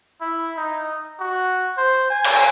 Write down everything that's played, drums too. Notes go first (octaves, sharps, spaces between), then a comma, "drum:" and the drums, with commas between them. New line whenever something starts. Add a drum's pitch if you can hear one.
E4
D#4
F#4
C5
G#5
drum: cymbal